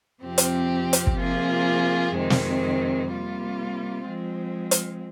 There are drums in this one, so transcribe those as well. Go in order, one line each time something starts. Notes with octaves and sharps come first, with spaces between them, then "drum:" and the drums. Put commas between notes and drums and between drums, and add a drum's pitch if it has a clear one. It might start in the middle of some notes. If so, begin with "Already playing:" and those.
F2 C3 F3 C4 G4
drum: hi-hat
drum: hi-hat
drum: kick
C3 F3 A#3 F4 G#4
F2 C3 D#3 G#3 C4
drum: snare
C3 G3 A#3 F4
F3 G#3 C4
drum: hi-hat